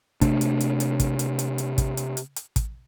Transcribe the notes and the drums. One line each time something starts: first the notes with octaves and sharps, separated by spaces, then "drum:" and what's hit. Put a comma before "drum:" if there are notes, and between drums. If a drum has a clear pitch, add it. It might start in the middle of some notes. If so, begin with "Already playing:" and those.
C3 A3 D4, drum: kick, hi-hat
drum: hi-hat
drum: hi-hat
drum: hi-hat
drum: kick, hi-hat
drum: hi-hat
drum: hi-hat
drum: hi-hat
drum: kick, hi-hat
drum: hi-hat
drum: hi-hat
drum: hi-hat
drum: kick, hi-hat